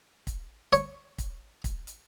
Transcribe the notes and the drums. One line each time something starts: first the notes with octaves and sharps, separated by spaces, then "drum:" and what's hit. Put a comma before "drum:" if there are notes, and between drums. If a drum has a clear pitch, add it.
drum: kick, hi-hat
C#5, drum: hi-hat
drum: kick, hi-hat
drum: kick, hi-hat
drum: hi-hat